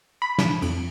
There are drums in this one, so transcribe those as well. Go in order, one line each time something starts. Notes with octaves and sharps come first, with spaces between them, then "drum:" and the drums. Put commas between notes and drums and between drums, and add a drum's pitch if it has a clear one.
B5
drum: snare
F2, drum: cymbal